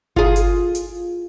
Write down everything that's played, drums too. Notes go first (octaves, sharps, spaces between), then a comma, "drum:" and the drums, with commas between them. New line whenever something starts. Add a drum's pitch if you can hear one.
F4 G#4, drum: kick G1
drum: hi-hat
drum: hi-hat